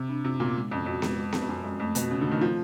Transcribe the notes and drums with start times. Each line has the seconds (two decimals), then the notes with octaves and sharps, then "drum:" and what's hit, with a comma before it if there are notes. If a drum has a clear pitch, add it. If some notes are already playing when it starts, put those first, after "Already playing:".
Already playing: C3
0.09 D4
0.25 C3 F4
0.40 A#2 B3
0.56 G#3
0.71 F2 C#4
0.86 F2 F#4
1.02 G#3, drum: snare B3
1.18 G#3
1.33 C4, drum: snare B3
1.42 F2
1.49 F#2 F4
1.64 F2 G#3
1.79 F2 A3
1.95 B2 C4, drum: hi-hat
2.11 C#3 F4
2.21 D3
2.26 A3
2.31 D#3
2.41 F3 C4